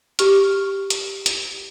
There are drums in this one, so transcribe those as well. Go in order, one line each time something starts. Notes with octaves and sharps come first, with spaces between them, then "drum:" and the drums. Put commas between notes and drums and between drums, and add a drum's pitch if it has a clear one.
G4 C#6 F6, drum: hi-hat
drum: hi-hat
drum: hi-hat